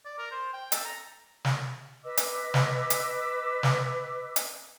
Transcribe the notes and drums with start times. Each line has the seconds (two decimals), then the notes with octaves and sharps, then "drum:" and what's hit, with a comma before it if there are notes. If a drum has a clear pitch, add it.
0.05 D5
0.18 A#4
0.31 C5
0.53 G5
0.72 A4, drum: hi-hat
0.85 A#5
1.45 drum: snare
2.04 B4 D#5 D6 E6
2.17 drum: hi-hat
2.54 drum: snare
2.90 drum: hi-hat
3.63 drum: snare
4.36 drum: hi-hat